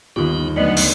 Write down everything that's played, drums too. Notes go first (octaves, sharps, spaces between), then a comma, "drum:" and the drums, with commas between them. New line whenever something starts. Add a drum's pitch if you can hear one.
G1 D#2 B3 F4 G4
D2 F#3 B3 D5 D#5
drum: open hi-hat